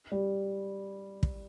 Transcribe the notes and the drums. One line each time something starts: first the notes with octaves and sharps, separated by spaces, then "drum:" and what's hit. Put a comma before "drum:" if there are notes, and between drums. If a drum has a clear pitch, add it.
G3
drum: kick